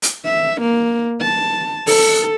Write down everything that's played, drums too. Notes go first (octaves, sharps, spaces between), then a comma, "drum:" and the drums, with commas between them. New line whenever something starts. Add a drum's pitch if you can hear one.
drum: hi-hat
E5
A#3
A5
A4, drum: open hi-hat